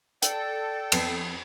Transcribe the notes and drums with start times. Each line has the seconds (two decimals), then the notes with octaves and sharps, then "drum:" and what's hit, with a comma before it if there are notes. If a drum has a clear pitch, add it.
0.23 A4 D5 G5, drum: hi-hat
0.92 F2 B3 C7, drum: cymbal